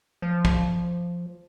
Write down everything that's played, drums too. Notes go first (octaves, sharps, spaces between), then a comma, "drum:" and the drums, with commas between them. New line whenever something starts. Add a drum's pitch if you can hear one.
F3
drum: kick